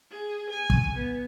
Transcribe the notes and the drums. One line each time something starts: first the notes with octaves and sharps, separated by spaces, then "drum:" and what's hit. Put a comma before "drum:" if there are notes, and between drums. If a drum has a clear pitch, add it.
G#4
G#5
drum: kick
B3